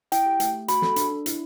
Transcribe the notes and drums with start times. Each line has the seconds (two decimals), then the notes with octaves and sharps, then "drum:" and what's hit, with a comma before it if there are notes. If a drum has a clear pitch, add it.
0.12 E4 G5, drum: hi-hat
0.26 G4
0.40 A3, drum: hi-hat
0.54 A3
0.68 F#4 B5, drum: hi-hat
0.82 A4, drum: snare
0.96 D4, drum: hi-hat
1.11 D4
1.26 E4, drum: hi-hat